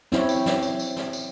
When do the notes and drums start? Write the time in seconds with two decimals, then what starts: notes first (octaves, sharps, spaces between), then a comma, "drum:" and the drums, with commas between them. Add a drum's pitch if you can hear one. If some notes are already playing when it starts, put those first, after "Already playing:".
0.12 C4 E4 C#5, drum: snare
0.29 drum: tambourine
0.46 drum: snare
0.63 drum: tambourine
0.79 drum: tambourine
0.96 drum: snare
1.13 drum: tambourine